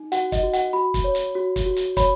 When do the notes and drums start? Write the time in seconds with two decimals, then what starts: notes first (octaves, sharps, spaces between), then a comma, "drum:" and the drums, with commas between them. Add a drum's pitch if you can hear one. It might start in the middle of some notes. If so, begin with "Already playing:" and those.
Already playing: D#4
0.12 F#4 F#5, drum: hi-hat
0.32 D#5, drum: kick, hi-hat
0.43 F#4
0.53 F#5, drum: hi-hat
0.73 F#4 B5
0.94 drum: kick, hi-hat
1.04 C#5
1.15 drum: hi-hat
1.35 F#4
1.56 drum: kick, hi-hat
1.66 F#4
1.76 drum: hi-hat
1.97 C#5 B5, drum: kick, hi-hat